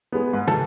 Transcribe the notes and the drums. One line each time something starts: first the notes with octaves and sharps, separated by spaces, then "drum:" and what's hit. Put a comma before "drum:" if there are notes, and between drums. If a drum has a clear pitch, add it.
G#3 B3
G#2 B4
A4, drum: tom